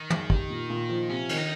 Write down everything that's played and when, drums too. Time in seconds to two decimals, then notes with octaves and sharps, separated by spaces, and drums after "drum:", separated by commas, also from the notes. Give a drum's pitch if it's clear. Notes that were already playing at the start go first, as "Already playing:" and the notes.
Already playing: D#3
0.10 G#3, drum: tom
0.30 G4, drum: kick
0.50 A#2
0.70 A#2
0.89 F3
1.09 C3 C#4
1.29 D#3, drum: cymbal
1.38 D#4